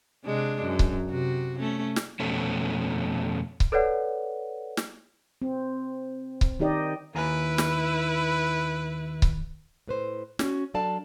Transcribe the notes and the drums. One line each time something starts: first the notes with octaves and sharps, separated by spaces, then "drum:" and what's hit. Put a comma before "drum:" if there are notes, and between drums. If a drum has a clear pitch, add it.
C3 G#3 D4
F#2
drum: kick C#1
C3 F#4
A3 C#4
drum: snare
F2 B2 A3 C#4
drum: kick C#1
A4 B4 C#5 D5 F#5
drum: snare
C4
drum: kick C#1
D#3 D#4 G4 D5 D#5
D#2 E4 B4 G#5 A#5
drum: snare
drum: kick C#1
A2 B4 C5
C#4 F#4, drum: snare
F#3 D4 A4 D5 F5 A5